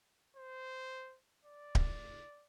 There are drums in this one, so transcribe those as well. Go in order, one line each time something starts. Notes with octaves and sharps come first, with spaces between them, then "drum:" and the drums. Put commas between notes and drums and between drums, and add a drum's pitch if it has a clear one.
C5
D5
drum: kick D1